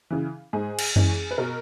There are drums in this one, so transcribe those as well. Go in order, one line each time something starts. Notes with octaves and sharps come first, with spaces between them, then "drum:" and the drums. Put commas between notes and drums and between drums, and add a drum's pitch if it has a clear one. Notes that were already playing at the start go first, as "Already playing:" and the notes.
C#3 E3
G#2 G#4
drum: cymbal
E3 G#3 C#4, drum: tom F#2
B4
B2 A#4